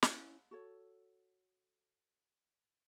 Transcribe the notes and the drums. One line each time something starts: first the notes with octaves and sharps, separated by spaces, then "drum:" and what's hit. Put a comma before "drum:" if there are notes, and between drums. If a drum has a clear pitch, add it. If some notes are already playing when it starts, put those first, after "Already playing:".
C#4 E4, drum: snare
F#4 A4 C#5